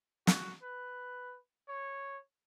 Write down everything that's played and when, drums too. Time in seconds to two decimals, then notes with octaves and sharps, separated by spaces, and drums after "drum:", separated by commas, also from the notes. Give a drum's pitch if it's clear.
0.27 F#4, drum: snare
0.63 B4
1.68 C#5